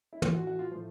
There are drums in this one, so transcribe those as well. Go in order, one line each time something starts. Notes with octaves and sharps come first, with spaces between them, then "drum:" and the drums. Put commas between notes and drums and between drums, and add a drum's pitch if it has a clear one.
E4
A2 E3 F4, drum: tom
F#4
F#4
F4
A2 F3